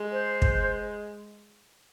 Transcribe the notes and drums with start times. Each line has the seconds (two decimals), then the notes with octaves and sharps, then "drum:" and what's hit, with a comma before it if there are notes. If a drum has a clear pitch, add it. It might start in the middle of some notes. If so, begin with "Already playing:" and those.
Already playing: G#3
0.12 C5
0.42 drum: kick